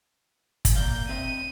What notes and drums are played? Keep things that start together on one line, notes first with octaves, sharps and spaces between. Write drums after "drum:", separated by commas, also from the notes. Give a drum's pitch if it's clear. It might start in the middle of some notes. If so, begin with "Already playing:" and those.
drum: kick, hi-hat
A#3 D5 F5 G6
C4 D#5 E5 D#7